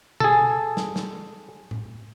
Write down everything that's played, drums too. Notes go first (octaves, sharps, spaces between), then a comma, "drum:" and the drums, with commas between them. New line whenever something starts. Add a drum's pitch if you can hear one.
G#4 A4, drum: tom B2
drum: snare
drum: snare
drum: tom A2